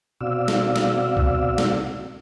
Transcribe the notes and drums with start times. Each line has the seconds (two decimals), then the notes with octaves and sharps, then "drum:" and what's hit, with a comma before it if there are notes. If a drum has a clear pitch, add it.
0.21 B2 C4 F#4 D5 F5 E6
0.48 drum: snare
0.76 drum: snare
1.17 drum: kick C2
1.58 drum: snare